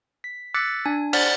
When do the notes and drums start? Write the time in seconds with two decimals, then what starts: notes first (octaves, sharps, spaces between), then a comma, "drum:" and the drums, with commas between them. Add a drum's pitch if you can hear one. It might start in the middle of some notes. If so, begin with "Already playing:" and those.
0.24 B6
0.54 D6 E6 F#6 A6 B6 C#7
0.86 D4 G#5
1.13 C5 D5 F#5 F6 A6 B6, drum: cymbal